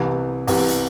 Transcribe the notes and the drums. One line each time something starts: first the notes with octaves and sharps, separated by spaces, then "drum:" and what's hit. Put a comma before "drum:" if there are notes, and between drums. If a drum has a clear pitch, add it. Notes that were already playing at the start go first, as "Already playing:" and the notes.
Already playing: C2 C3 E3
C2 C3 E3, drum: open hi-hat
drum: hi-hat